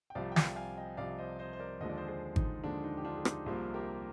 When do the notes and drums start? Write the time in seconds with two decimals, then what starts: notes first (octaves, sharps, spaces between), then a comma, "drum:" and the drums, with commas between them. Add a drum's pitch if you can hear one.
0.10 G5
0.15 C2 C3 F3 D5 F5
0.32 G5
0.36 D5 F5, drum: snare
0.56 F5 G#5
0.77 D#5 G5
0.97 C2 C3 F3 D5 F5
1.19 C5 D#5
1.39 C5 D#5
1.53 C5
1.60 A#4 D5
1.80 D#2 D3 F3 G#3 D#5
1.90 D5
1.96 C5 D#5
2.08 G#4 C5
2.36 D#4, drum: kick G#1
2.64 D#2 D3 F3 G#3 D4
2.84 D#4
2.97 G4
3.05 D4 F4
3.17 G#4
3.25 D#4 G4, drum: rim click
3.46 C2 C3 F3 A#3 F4 G#4
3.74 G4 A#4